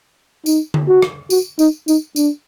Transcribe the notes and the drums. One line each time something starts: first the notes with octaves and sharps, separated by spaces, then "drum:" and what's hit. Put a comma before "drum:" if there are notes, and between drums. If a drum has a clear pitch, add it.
D#4, drum: tambourine
drum: tom D3
F#4
drum: rim click
F#4, drum: tambourine
D#4, drum: tambourine
D#4, drum: tambourine
D4, drum: tambourine